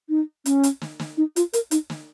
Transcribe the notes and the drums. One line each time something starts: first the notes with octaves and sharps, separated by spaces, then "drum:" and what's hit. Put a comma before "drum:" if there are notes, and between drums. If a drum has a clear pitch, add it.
D#4
C#4, drum: hi-hat
drum: hi-hat
drum: snare
drum: snare
D#4
F4, drum: hi-hat
A#4, drum: hi-hat
D#4, drum: hi-hat
drum: snare